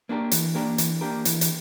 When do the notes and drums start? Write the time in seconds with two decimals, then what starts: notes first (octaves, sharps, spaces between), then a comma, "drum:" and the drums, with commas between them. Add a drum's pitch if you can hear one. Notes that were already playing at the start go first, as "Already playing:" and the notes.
0.09 A#3 D4 G4 A#4
0.31 E3, drum: hi-hat
0.55 A#3 D4 G4 A#4
0.78 E3, drum: hi-hat
1.01 A#3 D4 G4 A#4
1.25 E3, drum: hi-hat
1.41 drum: hi-hat